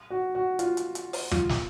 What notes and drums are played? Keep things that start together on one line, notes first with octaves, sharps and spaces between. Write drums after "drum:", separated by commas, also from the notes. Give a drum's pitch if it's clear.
F#4
F#4
F4, drum: hi-hat
drum: hi-hat
drum: hi-hat
drum: open hi-hat
F4, drum: tom
drum: snare